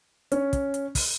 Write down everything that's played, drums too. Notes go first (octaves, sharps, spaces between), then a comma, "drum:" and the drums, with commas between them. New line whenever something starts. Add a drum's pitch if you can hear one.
C#4, drum: hi-hat
drum: kick, hi-hat
drum: hi-hat
drum: kick, open hi-hat